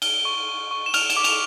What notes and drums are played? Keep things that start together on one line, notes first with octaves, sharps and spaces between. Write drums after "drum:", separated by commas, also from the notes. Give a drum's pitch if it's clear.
F6 G7, drum: cymbal
C#6
C#6
C#6
E7
F6 F7, drum: cymbal
E7, drum: cymbal
D6
F7, drum: cymbal